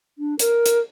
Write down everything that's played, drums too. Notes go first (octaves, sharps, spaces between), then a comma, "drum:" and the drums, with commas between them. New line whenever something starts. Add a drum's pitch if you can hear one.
D4
A#4, drum: hi-hat
drum: hi-hat